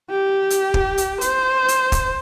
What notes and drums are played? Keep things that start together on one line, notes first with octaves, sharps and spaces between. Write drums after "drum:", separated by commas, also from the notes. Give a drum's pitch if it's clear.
G4
drum: hi-hat
drum: kick
drum: hi-hat
C5, drum: hi-hat
drum: hi-hat
drum: kick, hi-hat